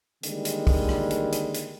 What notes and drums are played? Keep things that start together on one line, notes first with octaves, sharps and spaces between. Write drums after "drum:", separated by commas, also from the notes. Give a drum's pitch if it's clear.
D3 D#3 G3 G#3 A#3, drum: hi-hat
drum: hi-hat
drum: kick, open hi-hat
drum: rim click
drum: hi-hat
drum: hi-hat
drum: hi-hat